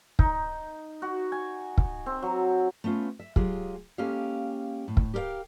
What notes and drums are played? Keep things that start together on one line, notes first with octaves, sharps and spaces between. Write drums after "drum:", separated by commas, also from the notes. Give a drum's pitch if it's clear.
D#4, drum: kick
F#4
G#5
drum: kick
C4
F#3
A3 B3 C#4 F4
E5
F#3 G#3 F4 G4 G#4, drum: kick
G#3 A#3 C#4 G4 A4 F5
A2
drum: kick
G4 A#4 C#5 F5 G5